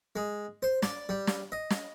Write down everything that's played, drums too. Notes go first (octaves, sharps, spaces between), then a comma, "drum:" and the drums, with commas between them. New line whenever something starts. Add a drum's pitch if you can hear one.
G#3
C5
D5, drum: snare
G3
drum: snare
D#5
drum: snare